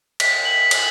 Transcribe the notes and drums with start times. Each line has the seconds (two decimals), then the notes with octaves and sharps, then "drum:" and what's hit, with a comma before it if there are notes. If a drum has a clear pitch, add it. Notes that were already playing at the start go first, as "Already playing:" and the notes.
0.20 B6, drum: cymbal
0.45 F#7
0.71 drum: cymbal